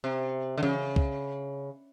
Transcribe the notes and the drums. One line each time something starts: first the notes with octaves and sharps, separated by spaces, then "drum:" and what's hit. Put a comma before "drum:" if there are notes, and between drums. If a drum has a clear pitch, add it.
C3
D3
C#3, drum: tom
drum: kick